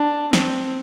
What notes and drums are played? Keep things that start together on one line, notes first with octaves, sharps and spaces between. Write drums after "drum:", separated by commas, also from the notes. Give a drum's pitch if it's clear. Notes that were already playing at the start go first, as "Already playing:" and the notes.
Already playing: D4
C4, drum: snare